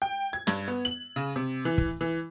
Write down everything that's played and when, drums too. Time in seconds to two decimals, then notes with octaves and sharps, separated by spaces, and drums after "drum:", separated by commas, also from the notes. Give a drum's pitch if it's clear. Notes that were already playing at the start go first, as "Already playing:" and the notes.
0.02 G5
0.33 G#6
0.47 G2, drum: snare
0.68 B3
0.85 F#7
1.16 C#3
1.36 C3
1.65 E3
1.78 drum: kick
2.01 E3